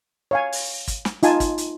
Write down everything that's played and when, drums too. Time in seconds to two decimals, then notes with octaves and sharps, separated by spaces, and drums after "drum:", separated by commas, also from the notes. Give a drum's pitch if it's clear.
0.31 C#5 F5 G#5
0.52 drum: open hi-hat
0.88 drum: kick, hi-hat
1.05 drum: snare
1.23 D#4 F4 G#5 A5, drum: hi-hat
1.40 drum: kick, hi-hat
1.58 drum: hi-hat